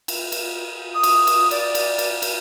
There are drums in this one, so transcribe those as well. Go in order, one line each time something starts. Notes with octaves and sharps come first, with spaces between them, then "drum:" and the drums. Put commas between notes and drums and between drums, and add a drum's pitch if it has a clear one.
drum: cymbal
drum: cymbal
D#6
drum: cymbal
drum: cymbal
D5, drum: cymbal
drum: cymbal
drum: cymbal
drum: cymbal